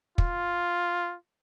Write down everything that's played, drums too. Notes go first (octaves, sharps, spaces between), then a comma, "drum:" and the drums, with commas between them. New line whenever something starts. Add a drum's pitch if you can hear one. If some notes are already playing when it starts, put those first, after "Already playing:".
F4, drum: kick